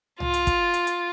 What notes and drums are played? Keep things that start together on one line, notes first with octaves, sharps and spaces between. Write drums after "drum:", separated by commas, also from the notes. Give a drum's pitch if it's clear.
F4, drum: tom C2
drum: hi-hat
drum: kick, hi-hat
drum: hi-hat
drum: hi-hat